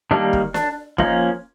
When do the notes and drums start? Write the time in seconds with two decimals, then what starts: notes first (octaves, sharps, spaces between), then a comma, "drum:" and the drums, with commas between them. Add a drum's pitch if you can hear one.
0.11 D#3 G3 A#3 D4
0.33 drum: kick
0.54 D4, drum: snare
0.98 F3 A#3 C#4 D#4, drum: kick